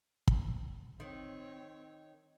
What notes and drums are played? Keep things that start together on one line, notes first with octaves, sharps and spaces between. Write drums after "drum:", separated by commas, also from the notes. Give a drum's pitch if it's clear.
drum: kick
D#3 C4 C#5